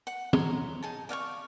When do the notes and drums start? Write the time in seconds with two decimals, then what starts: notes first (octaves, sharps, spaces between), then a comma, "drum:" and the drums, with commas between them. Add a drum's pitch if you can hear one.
0.07 F#5
0.33 C#5 A#5 C6, drum: tom
0.83 D#4 G#4 A5
1.09 D5 F5 F#5 C#6